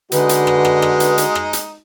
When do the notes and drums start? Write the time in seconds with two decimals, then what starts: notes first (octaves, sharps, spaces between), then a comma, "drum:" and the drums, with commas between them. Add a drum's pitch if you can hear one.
0.12 D3 G#3 D#4 F#4 B4, drum: hi-hat
0.29 drum: hi-hat
0.47 drum: rim click
0.65 drum: rim click
0.82 drum: rim click
1.00 drum: hi-hat
1.18 drum: hi-hat
1.35 drum: rim click
1.53 drum: hi-hat